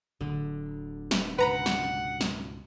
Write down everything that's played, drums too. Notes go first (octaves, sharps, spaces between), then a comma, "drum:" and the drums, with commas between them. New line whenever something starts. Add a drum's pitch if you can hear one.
D1 D3
drum: snare
C#2 G#2 B2 B4 F#5 A#5 B5
drum: snare
drum: snare